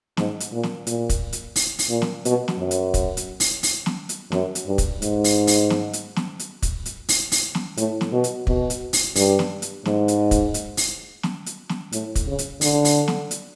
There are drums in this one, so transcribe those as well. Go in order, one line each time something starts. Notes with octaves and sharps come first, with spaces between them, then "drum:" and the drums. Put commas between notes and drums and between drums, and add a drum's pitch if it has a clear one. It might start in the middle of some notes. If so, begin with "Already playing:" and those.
G#2, drum: snare
drum: hi-hat
A#2
drum: snare
A#2, drum: hi-hat
drum: kick, hi-hat
drum: hi-hat
drum: open hi-hat
drum: open hi-hat
A#2
drum: snare
B2, drum: hi-hat
drum: snare
F#2
drum: hi-hat
drum: kick, hi-hat
drum: hi-hat
drum: open hi-hat
drum: open hi-hat
drum: snare
drum: hi-hat
F#2, drum: snare
drum: hi-hat
G2
drum: kick, hi-hat
G#2, drum: hi-hat
drum: open hi-hat
drum: open hi-hat
drum: snare
drum: hi-hat
drum: snare
drum: hi-hat
drum: kick, hi-hat
drum: hi-hat
drum: open hi-hat
drum: open hi-hat
drum: snare
A2, drum: hi-hat
drum: snare
B2
drum: hi-hat
B2, drum: kick
drum: hi-hat
drum: open hi-hat
G2, drum: open hi-hat
drum: snare
drum: hi-hat
G#2, drum: snare
drum: hi-hat
drum: kick, hi-hat
drum: hi-hat
drum: open hi-hat
drum: snare
drum: hi-hat
drum: snare
A2, drum: hi-hat
drum: kick, hi-hat
C#3
drum: hi-hat
D3, drum: open hi-hat
drum: open hi-hat
drum: snare
drum: hi-hat